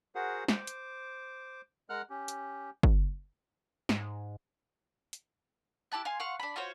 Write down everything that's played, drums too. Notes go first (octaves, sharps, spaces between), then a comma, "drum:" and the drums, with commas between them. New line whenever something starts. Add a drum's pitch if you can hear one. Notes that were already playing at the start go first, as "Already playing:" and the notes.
F#4 G#4 A#4 C5 F#5
C5 D6, drum: snare
drum: hi-hat
G#3 A#4 F#5 F6 F#6
C#4 G4
drum: hi-hat
drum: kick
G#2, drum: snare
drum: hi-hat
E4 G4 A5 F#6
F5 G#5 C6
F5 F#5 C6 C#6
D4 B5
F4 F#4 C5 C#5